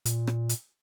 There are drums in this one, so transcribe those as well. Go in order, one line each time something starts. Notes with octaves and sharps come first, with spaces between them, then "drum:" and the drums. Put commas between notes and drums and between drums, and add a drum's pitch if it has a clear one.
A#2, drum: hi-hat
drum: rim click
drum: hi-hat